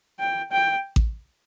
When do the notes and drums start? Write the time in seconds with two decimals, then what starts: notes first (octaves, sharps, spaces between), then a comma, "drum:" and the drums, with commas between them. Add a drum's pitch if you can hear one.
0.19 G5
0.52 G5
0.96 drum: kick A1